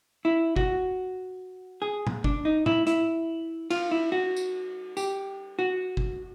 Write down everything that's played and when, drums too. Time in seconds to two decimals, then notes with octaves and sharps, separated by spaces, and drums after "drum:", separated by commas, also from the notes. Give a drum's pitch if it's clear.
0.25 E4
0.56 F#4, drum: kick
1.82 G#4
2.07 drum: tom A2
2.24 D4, drum: kick
2.45 D#4
2.66 E4, drum: tom A2
2.87 E4, drum: hi-hat
3.70 F4, drum: cymbal
3.91 E4
4.12 F#4
4.36 drum: tambourine
4.97 G4, drum: tambourine
5.59 F#4
5.97 drum: kick